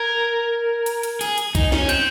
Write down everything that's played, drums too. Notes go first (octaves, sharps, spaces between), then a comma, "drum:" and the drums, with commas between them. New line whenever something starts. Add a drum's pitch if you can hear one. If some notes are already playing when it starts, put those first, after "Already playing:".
Already playing: A#4 G#6
drum: hi-hat
drum: hi-hat
G#4, drum: hi-hat
drum: hi-hat
D#4, drum: kick B1, hi-hat
C#4, drum: snare
C4 G6, drum: hi-hat